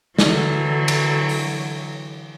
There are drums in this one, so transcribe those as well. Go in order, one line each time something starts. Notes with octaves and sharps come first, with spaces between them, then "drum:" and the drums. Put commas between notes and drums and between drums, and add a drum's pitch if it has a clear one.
D3 E3 F#3, drum: snare
drum: cymbal
drum: open hi-hat